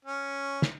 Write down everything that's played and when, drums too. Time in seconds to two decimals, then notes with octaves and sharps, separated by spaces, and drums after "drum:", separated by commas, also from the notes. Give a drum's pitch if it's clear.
0.05 C#4
0.62 drum: snare